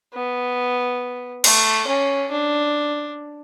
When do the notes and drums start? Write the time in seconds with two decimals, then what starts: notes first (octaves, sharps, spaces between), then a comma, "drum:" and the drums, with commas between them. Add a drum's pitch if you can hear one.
0.14 B3
1.44 A3, drum: cymbal
1.87 C#4
2.31 D4